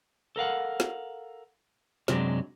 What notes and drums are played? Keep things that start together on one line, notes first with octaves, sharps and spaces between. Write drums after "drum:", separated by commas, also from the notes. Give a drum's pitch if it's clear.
A4 A#4 F5 F#5
drum: snare
F#2 C3 F#3 G#3 D4, drum: snare